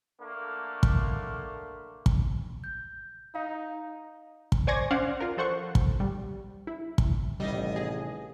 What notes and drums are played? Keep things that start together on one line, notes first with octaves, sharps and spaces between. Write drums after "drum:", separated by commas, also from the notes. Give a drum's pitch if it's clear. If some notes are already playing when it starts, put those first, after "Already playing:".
D3 A3 A#3
drum: kick
drum: kick
G6
D#4 F5
drum: kick
C5 D5 G#5 C#6 G#6 A#6
C#4 C5 D5 F5 F#5
F4 A#4
F3 A4 C5 F#5 C#6
drum: kick
G3
E4
drum: kick
A1 C3 D#3 G3 D#5
G#4